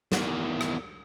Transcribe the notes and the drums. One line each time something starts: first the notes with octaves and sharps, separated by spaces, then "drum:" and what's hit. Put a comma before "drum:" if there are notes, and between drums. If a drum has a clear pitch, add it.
E2 D#3, drum: snare
drum: rim click